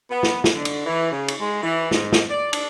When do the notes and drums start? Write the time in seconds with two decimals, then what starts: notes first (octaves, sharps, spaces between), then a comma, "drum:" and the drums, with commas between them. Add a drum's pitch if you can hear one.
0.11 B3
0.23 drum: snare
0.44 drum: snare
0.55 D3
0.65 drum: cymbal
0.86 E3
1.12 C#3
1.28 drum: cymbal
1.40 G#3
1.63 E3
1.91 G#2, drum: snare
2.12 drum: snare
2.30 D5
2.53 D4, drum: cymbal